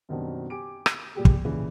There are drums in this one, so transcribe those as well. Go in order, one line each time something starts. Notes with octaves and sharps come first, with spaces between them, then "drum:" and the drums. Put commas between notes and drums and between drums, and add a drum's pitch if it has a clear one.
F#2 B2 D#3 G3 C4 D4
G4 G#5 D6 D7
drum: rim click
A#2 G3 G4 G#4
drum: kick
A#2 C#3 E3 F3